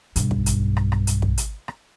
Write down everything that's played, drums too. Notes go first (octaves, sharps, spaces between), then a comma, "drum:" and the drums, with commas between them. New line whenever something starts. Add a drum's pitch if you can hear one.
B1 G2, drum: hi-hat
drum: kick
drum: hi-hat
drum: rim click
drum: rim click
drum: hi-hat
drum: kick
drum: hi-hat
drum: rim click